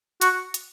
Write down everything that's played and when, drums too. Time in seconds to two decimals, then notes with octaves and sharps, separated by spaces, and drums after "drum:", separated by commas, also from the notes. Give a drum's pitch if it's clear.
0.21 F#4, drum: hi-hat
0.54 drum: hi-hat